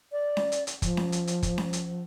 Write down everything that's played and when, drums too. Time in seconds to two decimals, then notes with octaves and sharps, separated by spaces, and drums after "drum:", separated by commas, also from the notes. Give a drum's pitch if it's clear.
0.12 D5
0.37 drum: snare C#4
0.52 drum: hi-hat
0.67 drum: hi-hat
0.82 F3, drum: kick, hi-hat
0.97 drum: snare C#4
1.12 drum: hi-hat
1.27 drum: hi-hat
1.43 drum: kick, hi-hat
1.58 drum: snare C#4
1.73 drum: hi-hat